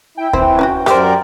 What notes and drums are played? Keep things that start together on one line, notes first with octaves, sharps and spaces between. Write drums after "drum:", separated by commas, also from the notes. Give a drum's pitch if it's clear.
E4 G5
E3 C4 E4, drum: kick D2
C#4 D#4 F#4
F#2 G4 A#4 C5 D5, drum: rim click